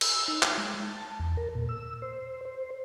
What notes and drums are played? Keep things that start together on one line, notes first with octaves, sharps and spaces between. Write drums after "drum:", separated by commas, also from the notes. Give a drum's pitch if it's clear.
E6, drum: cymbal
D#4
G5, drum: clap
G#3
A5
E2
A#4
A#2
E6
C5
C5